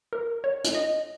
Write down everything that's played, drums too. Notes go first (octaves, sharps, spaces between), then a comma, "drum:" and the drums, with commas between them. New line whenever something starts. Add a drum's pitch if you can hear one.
A#4
C#5
drum: hi-hat
D#5